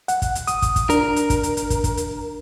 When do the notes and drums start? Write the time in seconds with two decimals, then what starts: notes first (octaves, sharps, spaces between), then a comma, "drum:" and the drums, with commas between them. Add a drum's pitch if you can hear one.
0.08 F#5, drum: hi-hat
0.22 drum: kick, hi-hat
0.35 drum: hi-hat
0.47 D#6, drum: hi-hat
0.62 drum: kick, hi-hat
0.76 drum: kick, hi-hat
0.90 D4 A#4, drum: hi-hat
1.16 drum: hi-hat
1.30 drum: kick, hi-hat
1.43 drum: hi-hat
1.57 drum: hi-hat
1.70 drum: kick, hi-hat
1.84 drum: kick, hi-hat
1.97 drum: hi-hat